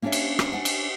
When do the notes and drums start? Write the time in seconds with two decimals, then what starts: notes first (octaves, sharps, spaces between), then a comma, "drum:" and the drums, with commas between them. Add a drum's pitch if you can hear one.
0.02 A#3 C#4 D4 G4 C#5 E5
0.12 drum: cymbal
0.39 drum: rim click
0.52 D4 F#5 G#5
0.65 drum: cymbal